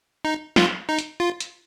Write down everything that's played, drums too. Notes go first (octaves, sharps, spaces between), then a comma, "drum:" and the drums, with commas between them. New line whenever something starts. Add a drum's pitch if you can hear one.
D#4
F4, drum: snare
D#4
drum: hi-hat
F4
drum: hi-hat